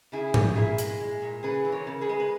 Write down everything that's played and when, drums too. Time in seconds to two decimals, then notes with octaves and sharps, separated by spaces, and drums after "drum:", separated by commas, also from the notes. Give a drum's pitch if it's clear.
0.12 C#3 E4 G#4
0.34 G3, drum: tom G#2
0.55 A#2 E4 G#4
0.78 G#3, drum: hi-hat
1.00 G#3
1.22 A#2
1.43 C#3 G#4 B4
1.65 E3
1.72 A#4 C#5
1.87 C#3
2.01 G#4 B4
2.09 G#3
2.20 B4